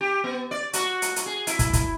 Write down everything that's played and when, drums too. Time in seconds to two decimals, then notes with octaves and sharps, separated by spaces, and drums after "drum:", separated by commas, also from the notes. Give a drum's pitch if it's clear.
0.01 G4
0.24 B3
0.51 D5
0.73 F#4, drum: hi-hat
1.02 drum: hi-hat
1.16 drum: hi-hat
1.26 G#4
1.47 E4, drum: hi-hat
1.59 drum: kick, hi-hat
1.73 drum: kick, hi-hat